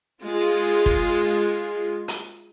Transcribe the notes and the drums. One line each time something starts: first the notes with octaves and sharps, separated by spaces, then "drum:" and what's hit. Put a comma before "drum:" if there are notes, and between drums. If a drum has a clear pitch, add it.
G#3 F4
drum: kick
drum: hi-hat